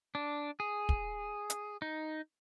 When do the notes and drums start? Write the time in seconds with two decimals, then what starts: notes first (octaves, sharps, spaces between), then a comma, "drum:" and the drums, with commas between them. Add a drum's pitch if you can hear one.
0.15 D4
0.60 G#4
0.89 drum: kick
1.50 drum: hi-hat
1.82 D#4